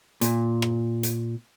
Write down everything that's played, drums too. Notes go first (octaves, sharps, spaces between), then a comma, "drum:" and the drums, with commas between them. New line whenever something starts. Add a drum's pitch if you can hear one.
A#2, drum: hi-hat
drum: rim click
drum: hi-hat